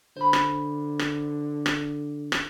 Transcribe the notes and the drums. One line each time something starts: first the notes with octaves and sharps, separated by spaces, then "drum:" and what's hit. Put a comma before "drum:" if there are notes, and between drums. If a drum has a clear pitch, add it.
D3 C5 B5
drum: rim click
drum: rim click
drum: rim click
drum: rim click